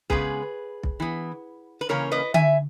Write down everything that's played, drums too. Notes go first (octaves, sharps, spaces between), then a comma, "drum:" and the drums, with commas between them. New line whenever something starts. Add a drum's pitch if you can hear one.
C#3 G#3 B3 G#4 B4, drum: kick B1
drum: kick B1
E3 B3
B4
C#3 E3 A#3 C#4 A#4 C#5
B4 D#5
E5 G#5, drum: tom D3